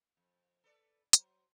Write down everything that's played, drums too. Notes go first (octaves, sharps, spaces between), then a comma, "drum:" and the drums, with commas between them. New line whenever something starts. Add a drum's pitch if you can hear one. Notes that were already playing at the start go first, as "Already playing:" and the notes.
F2
A4 B4 D5
F#3 C5, drum: hi-hat